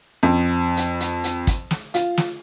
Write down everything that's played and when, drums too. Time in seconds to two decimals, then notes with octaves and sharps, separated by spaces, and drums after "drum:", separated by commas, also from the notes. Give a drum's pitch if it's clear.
0.23 F2
0.77 drum: hi-hat
1.00 drum: hi-hat
1.24 drum: hi-hat
1.47 drum: kick, hi-hat
1.71 drum: snare
1.94 F4, drum: hi-hat
2.17 drum: snare